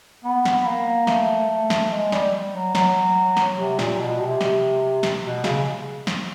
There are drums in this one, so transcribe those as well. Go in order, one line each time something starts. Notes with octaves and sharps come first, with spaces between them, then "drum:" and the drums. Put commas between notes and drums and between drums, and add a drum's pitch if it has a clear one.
B3
drum: snare
A#3
A3, drum: snare
A3
drum: snare
G#3
G3, drum: snare
F#3
F#3, drum: snare
drum: snare
C3
A#2, drum: snare
B2
C3
drum: snare
drum: snare
B2
C#3, drum: snare
drum: snare